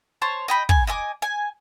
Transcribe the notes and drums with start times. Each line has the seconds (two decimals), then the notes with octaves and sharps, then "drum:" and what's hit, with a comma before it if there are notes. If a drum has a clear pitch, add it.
0.22 C5 C#5 A5
0.48 D#5 G5 B5
0.69 G#5, drum: kick
0.87 D#5 E5 G#5 D6
1.22 G#5